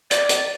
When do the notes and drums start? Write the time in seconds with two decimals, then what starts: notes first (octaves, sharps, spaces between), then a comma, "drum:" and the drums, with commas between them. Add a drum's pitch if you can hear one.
0.11 D5, drum: hi-hat
0.29 drum: hi-hat